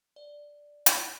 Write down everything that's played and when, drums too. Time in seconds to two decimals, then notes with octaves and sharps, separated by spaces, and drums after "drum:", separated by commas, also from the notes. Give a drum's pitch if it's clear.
0.16 D5
0.86 drum: hi-hat